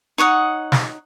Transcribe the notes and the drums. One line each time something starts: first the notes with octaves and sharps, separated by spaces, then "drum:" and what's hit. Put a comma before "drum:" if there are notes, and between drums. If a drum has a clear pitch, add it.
D#4 C#5 F#5 D#6
drum: snare